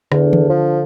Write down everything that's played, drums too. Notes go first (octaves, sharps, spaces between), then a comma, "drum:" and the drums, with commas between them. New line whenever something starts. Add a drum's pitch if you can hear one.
E2 D3, drum: rim click
drum: tom D#3
F3